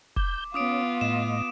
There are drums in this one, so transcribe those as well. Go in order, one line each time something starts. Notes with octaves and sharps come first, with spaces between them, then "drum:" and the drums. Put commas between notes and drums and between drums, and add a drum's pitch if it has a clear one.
D6 G6, drum: kick
B3 C#4 F4 D6 D#6 D7
A2 D#5 E7